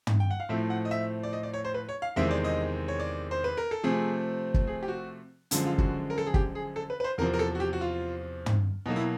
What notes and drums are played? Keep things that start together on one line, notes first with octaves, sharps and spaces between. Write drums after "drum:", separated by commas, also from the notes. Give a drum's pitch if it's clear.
drum: tom
G5
F#5
F5
A2 F3 A3 C4 E5
F#5
D#5
E5
D5
D#5
D5
C#5
C5
B4
C#5
F5
E2 C3 D#3 G#3 C4 E5
D5
D#5
C#5
D5
C5
B4
A#4
A4
C3 F3 A3 C4 G#4
drum: kick
G#4
G4
F#4
F#2 D3 F3 G#3 F4, drum: hi-hat
F4
F#4, drum: kick
A#4
A4
G#4
G4, drum: kick
G#4
A4
B4
B4
C5
E2 C3 F3 A#4
A#4
A4
F#4
G4
F#4
F4
drum: tom
B2 F#3 A#3 D#4
E4